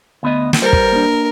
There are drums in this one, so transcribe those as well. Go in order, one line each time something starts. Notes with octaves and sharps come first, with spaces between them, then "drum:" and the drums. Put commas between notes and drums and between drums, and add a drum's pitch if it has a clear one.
D2 B3 D#5
drum: snare
G3 A#4 C5
drum: kick
A#3 D4